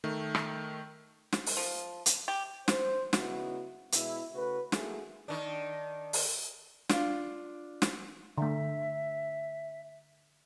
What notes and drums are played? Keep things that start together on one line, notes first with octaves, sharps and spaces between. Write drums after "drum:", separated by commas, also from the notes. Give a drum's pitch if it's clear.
D#3 A3
drum: rim click
drum: snare
drum: open hi-hat
F3
drum: hi-hat
G4
C5, drum: snare
C#3 B3 D#4 E4 F#4, drum: snare
B2 G#3 E4, drum: hi-hat
C#3 A3 F#4 B4
A3 A#3 E4 F#4 G#4, drum: snare
D#3 D4
drum: open hi-hat
D4 F4, drum: snare
drum: snare
D3 A3 E5